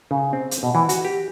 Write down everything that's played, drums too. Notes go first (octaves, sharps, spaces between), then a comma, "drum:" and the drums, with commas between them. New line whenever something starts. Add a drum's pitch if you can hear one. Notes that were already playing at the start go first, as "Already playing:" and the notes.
C#3
C4
drum: hi-hat
B2
E3
F#4, drum: hi-hat
G4